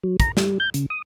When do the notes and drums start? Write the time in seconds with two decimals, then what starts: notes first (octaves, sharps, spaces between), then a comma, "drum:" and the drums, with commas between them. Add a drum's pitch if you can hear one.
0.03 F#3
0.20 A#5, drum: kick, hi-hat
0.37 G3, drum: snare
0.60 G6
0.74 C#3, drum: hi-hat
0.90 D#6